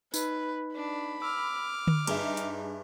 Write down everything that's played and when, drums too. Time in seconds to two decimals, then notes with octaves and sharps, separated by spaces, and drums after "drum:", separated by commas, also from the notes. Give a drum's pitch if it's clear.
0.14 D#4 B4, drum: tambourine
0.75 D4 B5
1.22 D6 E6 F6
1.87 drum: tom D3
2.07 G2 D#4 G#4 E5, drum: cymbal
2.37 drum: hi-hat